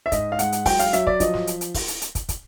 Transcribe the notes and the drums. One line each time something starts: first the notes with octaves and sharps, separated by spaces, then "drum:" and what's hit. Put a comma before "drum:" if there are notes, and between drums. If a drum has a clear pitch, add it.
E5
G#2 D#5, drum: kick, hi-hat
F5
G#3 F#5, drum: hi-hat
drum: hi-hat
F#3 G5, drum: kick, open hi-hat
F5, drum: hi-hat
F#3 E5, drum: hi-hat
D5, drum: kick
F3 D#5, drum: kick, hi-hat
drum: snare
drum: hi-hat
drum: hi-hat
drum: kick, open hi-hat
drum: hi-hat
drum: hi-hat
drum: kick, hi-hat
drum: kick, hi-hat